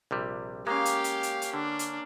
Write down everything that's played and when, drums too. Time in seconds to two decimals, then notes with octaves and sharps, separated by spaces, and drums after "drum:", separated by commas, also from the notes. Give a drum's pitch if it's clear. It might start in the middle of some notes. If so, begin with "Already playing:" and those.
0.11 A#1 C3 G3
0.67 G#3 A#3 C#4 G4 F5
0.85 drum: hi-hat
1.04 drum: hi-hat
1.23 drum: hi-hat
1.42 drum: hi-hat
1.54 D3 D4
1.79 drum: hi-hat